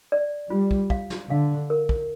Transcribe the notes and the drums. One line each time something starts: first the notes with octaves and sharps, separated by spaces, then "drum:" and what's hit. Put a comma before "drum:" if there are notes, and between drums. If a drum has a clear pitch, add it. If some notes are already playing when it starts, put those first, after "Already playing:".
D5
G3 F4
drum: kick
F5, drum: kick
drum: snare
D3 F5
A#4
drum: kick